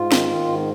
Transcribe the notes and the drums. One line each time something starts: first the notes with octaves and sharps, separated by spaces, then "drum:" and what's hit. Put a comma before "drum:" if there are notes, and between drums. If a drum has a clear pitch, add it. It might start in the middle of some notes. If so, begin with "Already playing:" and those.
Already playing: G#2 F4
D#3, drum: snare
D#3
G#2